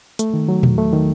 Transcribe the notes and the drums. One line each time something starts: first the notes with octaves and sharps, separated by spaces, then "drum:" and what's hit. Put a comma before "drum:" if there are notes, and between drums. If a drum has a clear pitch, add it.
A3, drum: hi-hat
D#3
F#3
E2, drum: tom A#2
A3
D#3